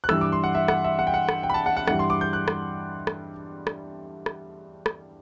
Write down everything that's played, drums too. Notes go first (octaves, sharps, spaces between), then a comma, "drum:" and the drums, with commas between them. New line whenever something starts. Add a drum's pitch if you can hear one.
F#6
G2 E3 G3 E6, drum: rim click
D6
C6
F#5
E5
F#5, drum: rim click
E5
F#5
G5
F#5
drum: rim click
G5
B5
A5
F#5
F#5
G2 E3 G3 F#5, drum: rim click
C6
D6
G6
F#6
drum: rim click
drum: rim click
drum: rim click
drum: rim click
drum: rim click